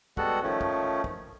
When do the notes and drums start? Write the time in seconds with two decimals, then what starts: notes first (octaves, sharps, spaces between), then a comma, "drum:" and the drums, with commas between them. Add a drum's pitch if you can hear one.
0.17 G3 G#3 B3 F#4 A4 F#5, drum: kick
0.43 D#3 F3 A3 C#4
0.61 drum: kick
1.04 drum: kick